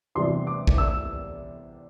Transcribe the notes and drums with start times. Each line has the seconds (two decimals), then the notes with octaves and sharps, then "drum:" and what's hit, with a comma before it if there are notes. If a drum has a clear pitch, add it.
0.15 E2 C3 G3 D4 C6
0.47 D6
0.67 drum: kick A1
0.78 E6